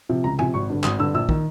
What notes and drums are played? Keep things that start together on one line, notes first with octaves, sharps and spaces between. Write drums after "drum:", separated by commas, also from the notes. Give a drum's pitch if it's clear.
C3 F3
C#2 A#5
C3 F3 G#5, drum: tom
G#1 C#6
G2 D3
G#1 D#6, drum: clap
G2 D3 E6
A#1 E6
D#3, drum: kick